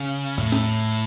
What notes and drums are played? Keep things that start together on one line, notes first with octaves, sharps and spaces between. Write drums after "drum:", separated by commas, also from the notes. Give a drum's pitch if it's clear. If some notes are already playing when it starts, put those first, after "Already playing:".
Already playing: C#3
A2, drum: tom E2
drum: snare